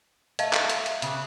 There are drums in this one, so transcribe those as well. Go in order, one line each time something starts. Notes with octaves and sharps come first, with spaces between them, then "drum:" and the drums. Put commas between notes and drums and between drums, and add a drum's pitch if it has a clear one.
A3 D#5 F5 A5, drum: hi-hat
drum: clap
drum: hi-hat
drum: hi-hat
C#3 G4 B4, drum: hi-hat